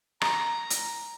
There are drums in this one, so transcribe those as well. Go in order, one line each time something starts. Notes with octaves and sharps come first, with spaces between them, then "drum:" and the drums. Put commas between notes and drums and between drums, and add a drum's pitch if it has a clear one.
A#5, drum: rim click
drum: hi-hat